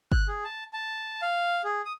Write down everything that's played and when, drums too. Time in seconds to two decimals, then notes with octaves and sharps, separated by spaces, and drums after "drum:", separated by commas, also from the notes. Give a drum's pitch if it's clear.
0.12 F#6, drum: kick
0.28 G#4
0.45 A5
0.73 A5
1.22 F5
1.64 G#4
1.85 D#6